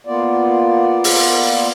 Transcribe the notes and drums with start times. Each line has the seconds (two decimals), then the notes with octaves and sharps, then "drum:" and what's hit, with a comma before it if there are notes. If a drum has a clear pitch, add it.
0.07 A#3 B3 F4 D5
1.04 drum: open hi-hat